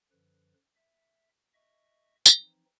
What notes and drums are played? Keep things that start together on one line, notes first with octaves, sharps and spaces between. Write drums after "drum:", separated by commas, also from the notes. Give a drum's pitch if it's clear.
F#2 D3 F3 B4
E5
D#5 E5 C#6
E3 F3 C4 D#4, drum: tambourine